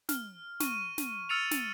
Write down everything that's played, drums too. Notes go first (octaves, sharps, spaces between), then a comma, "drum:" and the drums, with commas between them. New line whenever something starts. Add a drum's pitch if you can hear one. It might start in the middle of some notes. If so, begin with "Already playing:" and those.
F6, drum: snare
C#6 D#7, drum: snare
drum: snare
E6 F6 A6 C#7 D#7 F7
drum: snare